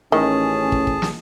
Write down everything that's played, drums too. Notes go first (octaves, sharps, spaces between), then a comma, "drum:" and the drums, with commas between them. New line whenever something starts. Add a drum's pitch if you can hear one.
A1 D#3 C#4 G#4 A5
drum: kick
drum: kick
drum: snare